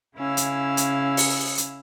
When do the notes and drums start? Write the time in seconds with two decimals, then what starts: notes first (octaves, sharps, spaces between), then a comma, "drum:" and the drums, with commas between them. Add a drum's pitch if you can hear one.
0.17 C#3 C#4 E4 F5 E6
0.37 drum: hi-hat
0.77 drum: hi-hat
1.17 drum: open hi-hat
1.57 drum: hi-hat